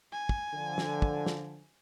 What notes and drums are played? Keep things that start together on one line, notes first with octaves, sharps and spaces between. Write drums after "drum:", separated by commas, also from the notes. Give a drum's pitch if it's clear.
G#5
drum: kick
D3 F3
drum: snare
drum: kick
drum: snare